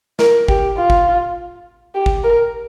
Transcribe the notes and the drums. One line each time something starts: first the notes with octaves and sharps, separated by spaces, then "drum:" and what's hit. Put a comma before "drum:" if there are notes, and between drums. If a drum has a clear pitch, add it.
A#4, drum: snare
G4, drum: kick
F4
drum: kick
G4
drum: kick
A#4